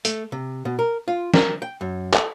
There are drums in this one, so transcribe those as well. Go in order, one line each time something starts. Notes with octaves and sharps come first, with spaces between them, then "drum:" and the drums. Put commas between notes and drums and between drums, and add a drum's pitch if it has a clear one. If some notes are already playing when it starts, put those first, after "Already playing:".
A3, drum: hi-hat
C3
B2
A#4
F4
A#4, drum: snare
G5
F#2
A4, drum: clap